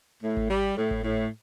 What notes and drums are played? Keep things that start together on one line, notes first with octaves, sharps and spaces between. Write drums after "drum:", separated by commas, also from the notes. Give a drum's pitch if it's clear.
A2
drum: kick G#1
G3
A2
drum: kick G#1
A2